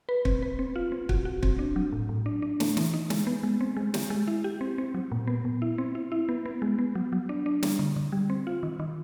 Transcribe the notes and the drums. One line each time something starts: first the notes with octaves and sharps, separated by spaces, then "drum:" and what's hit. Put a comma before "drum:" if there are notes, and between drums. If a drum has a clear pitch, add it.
B4
C4, drum: kick
B4
C4
F4
C4
F#4, drum: kick
F#4
C4, drum: kick
D4
F#3
A2
A2
D4
D4
A3, drum: snare
E3, drum: snare
D#4
G#3, drum: snare
B3
G#3
C4
G#3
G4, drum: snare
G#3
E4
G4
C4
C4
F#3
A#2
B3
A#2
E4
C4
E4
E4
B3
B3
G#3
B3
F#3
F#3
D4
D4
G3, drum: snare
D3
D3
G3
C4
F4
D#3
D#3